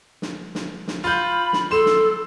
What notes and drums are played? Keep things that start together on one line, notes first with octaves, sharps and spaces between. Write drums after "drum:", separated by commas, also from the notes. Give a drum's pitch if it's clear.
drum: snare
drum: snare
drum: snare
F4 B5 G6
drum: snare
A4 C6 E7
drum: snare